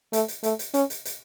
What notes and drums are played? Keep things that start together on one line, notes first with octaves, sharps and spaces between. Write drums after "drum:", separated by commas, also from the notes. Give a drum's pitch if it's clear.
A3, drum: hi-hat
drum: hi-hat
A3, drum: hi-hat
drum: hi-hat
C#4, drum: hi-hat
drum: hi-hat
drum: hi-hat